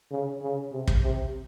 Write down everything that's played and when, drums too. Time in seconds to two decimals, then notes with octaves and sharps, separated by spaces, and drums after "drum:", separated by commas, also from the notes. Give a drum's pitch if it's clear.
0.11 C#3
0.42 C#3
0.72 C3
0.87 drum: kick
1.03 C3